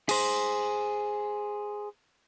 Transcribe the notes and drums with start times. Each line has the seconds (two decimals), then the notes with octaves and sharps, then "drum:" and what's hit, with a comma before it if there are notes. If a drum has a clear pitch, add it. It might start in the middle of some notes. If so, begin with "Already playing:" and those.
0.09 G#4 C5, drum: cymbal